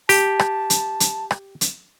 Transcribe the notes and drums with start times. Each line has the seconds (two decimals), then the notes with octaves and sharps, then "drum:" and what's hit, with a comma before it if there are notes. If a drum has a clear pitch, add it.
0.09 G4 A5, drum: open hi-hat
0.39 drum: rim click
0.70 drum: hi-hat
1.00 drum: hi-hat
1.31 drum: rim click
1.61 drum: hi-hat